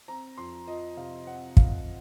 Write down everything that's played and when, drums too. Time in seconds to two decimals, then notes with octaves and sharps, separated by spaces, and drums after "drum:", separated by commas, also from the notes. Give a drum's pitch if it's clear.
0.08 C4 A#5
0.38 F2 C6
0.67 F3 D#5
0.97 C3 F5
1.27 C4 F#5
1.57 F2 F5, drum: kick